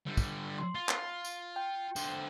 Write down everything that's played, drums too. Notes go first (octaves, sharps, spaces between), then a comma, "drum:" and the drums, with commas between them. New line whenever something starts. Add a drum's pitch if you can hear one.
D3 G3
drum: kick, tambourine
C6
F4
drum: clap
drum: tambourine
G5
D3 C5, drum: tambourine